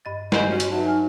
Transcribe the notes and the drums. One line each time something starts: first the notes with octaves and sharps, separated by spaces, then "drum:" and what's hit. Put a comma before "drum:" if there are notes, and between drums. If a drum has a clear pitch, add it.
G2 D#5 A6
E4 F#4 G4 C5 D#5 G#5, drum: snare
C#4 F#4
drum: hi-hat
F#3 D#4 B4 E5 A5
G#5 F6